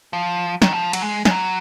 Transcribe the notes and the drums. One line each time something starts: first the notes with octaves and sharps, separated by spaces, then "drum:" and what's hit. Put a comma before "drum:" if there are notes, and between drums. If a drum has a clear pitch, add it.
F3
D#3, drum: snare
F3
F#3, drum: cymbal
G#3
G#3, drum: snare
F#3